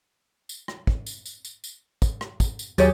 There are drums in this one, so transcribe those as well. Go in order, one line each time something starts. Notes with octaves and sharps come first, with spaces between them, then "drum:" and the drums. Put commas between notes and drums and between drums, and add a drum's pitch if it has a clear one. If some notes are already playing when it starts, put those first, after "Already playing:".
drum: tambourine
drum: rim click
drum: kick
drum: tambourine
drum: tambourine
drum: tambourine
drum: tambourine
drum: kick, tambourine
drum: rim click
drum: kick, tambourine
drum: tambourine
D#2 F#3 G4 G#4 C#5 A6, drum: tambourine